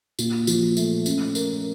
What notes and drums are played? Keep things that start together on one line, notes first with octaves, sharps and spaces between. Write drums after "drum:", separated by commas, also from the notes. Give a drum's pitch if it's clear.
A#2, drum: tambourine
F3, drum: tambourine
A3, drum: tambourine
C#4, drum: tambourine
A#4, drum: tambourine